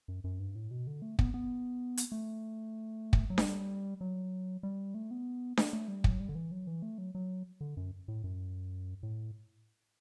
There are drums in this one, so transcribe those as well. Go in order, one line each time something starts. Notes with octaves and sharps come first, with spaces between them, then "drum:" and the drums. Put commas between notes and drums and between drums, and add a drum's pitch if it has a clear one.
F#2
F#2
G2
A2
B2
D3
A3
B3, drum: kick
B3
drum: hi-hat
A3
drum: kick
F#3
G3, drum: snare D4
F#3
G3
A3
B3
A3, drum: snare D4
A3
G3
F#3, drum: kick
G3
D3
E3
F#3
E3
A3
F#3
F#3
D3
F#2
A2
F#2
A2